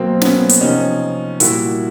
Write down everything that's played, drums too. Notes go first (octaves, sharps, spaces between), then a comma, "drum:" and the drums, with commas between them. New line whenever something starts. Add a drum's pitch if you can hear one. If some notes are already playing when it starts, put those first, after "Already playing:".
Already playing: B2 F#3 A#3 C4
B3 C#4, drum: snare
drum: hi-hat
C3 F3 C#4 D#4
A#2 G3 E4 F#4, drum: hi-hat